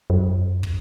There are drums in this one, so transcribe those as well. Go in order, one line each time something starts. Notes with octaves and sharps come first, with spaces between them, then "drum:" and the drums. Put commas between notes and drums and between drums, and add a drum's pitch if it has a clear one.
F#2
drum: kick